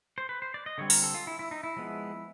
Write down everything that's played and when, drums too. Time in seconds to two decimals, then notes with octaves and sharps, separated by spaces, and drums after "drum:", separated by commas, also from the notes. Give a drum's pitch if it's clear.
0.18 C5
0.29 B4
0.42 C5
0.54 D5
0.66 D#5
0.78 D3 G3 C4 C#5
0.90 A#4, drum: open hi-hat
1.03 A4
1.14 F4
1.27 E4
1.39 E4
1.51 D#4
1.64 E4
1.76 F3 G#3 B3